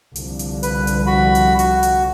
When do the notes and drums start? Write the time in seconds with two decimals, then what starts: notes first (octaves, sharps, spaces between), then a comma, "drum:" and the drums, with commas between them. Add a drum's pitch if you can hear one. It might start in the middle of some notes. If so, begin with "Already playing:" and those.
0.16 C2 D3 F3, drum: hi-hat
0.39 drum: hi-hat
0.63 B4, drum: hi-hat
0.87 drum: hi-hat
1.07 F#4 B5
1.35 drum: hi-hat
1.59 F#4, drum: hi-hat
1.83 drum: hi-hat